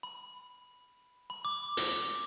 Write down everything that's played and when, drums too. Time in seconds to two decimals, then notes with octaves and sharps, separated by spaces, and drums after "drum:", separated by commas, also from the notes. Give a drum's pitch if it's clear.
0.03 B5
1.30 B5
1.45 D6
1.77 drum: hi-hat